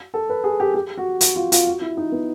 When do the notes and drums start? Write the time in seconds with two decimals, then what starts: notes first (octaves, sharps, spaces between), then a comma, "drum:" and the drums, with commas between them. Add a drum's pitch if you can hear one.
0.14 A4
0.29 B4
0.44 G#4
0.60 G4
0.74 G4
0.98 F#4
1.21 F#4, drum: hi-hat
1.36 F4
1.52 F4, drum: hi-hat
1.67 F#4
1.81 E4
1.97 D#4
2.12 B3